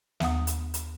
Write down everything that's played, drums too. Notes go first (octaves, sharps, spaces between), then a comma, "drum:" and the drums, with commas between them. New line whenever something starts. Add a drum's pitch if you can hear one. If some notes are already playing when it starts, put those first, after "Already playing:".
D#2 B3 F#5 D#6, drum: snare
drum: hi-hat
drum: hi-hat